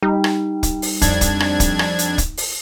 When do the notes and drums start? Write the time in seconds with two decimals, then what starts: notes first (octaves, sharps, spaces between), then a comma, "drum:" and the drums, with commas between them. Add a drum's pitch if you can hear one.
0.03 G3 D#4
0.24 drum: rim click
0.63 drum: kick, hi-hat
0.82 drum: open hi-hat
1.02 F2 D4 G#6, drum: kick, hi-hat
1.21 drum: kick, hi-hat
1.40 drum: rim click
1.60 drum: kick, hi-hat
1.79 drum: rim click
1.99 drum: hi-hat
2.18 drum: kick, hi-hat
2.37 drum: open hi-hat